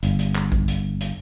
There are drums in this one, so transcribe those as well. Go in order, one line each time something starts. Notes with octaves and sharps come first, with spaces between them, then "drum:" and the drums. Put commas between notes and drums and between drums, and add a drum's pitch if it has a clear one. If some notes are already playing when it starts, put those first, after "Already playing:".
G1, drum: hi-hat
drum: hi-hat
drum: clap
drum: kick A#1
drum: hi-hat
drum: hi-hat